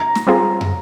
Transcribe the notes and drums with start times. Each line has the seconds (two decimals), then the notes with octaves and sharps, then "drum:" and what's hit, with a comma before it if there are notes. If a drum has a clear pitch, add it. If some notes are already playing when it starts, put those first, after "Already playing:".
Already playing: A#5
0.15 drum: snare
0.27 G3 C4 F4 G#4
0.61 drum: tom